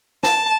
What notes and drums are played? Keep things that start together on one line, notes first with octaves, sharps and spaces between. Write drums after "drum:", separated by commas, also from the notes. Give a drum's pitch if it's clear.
A5, drum: snare